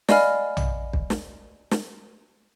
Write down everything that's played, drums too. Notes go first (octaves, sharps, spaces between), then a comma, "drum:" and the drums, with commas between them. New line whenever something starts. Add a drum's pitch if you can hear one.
D5 D#5 F5 G#5 B5 F6, drum: snare
drum: tom
drum: kick
drum: snare
drum: snare